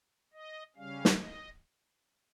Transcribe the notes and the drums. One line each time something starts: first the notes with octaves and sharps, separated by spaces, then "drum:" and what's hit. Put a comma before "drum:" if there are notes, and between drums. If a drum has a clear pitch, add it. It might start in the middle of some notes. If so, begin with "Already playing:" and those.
D#5
C#3 G3 C#4 F5
drum: snare
D#5